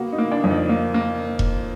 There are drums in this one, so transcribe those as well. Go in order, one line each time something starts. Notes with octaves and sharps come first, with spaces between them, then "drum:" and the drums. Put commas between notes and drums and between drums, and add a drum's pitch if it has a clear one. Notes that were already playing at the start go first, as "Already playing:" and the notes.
Already playing: A#3 B3 F#4
D#4
A#3
D4
F2
D#4
A#3
A#3
drum: kick E1